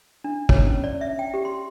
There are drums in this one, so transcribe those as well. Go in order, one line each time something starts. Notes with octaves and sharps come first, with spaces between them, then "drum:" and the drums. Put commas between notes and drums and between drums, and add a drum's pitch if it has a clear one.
D4
C#5, drum: kick
C#4
D5
E5
G5
G4
C6